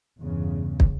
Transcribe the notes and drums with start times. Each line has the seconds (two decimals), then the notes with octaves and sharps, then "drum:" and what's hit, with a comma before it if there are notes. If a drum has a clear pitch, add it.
0.18 E2 G2 C#3
0.80 drum: kick